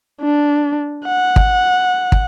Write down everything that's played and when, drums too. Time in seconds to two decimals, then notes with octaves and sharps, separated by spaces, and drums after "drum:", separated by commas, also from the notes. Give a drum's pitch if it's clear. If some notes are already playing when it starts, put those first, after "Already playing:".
0.22 D4
1.06 F#5
1.36 drum: kick
2.12 drum: kick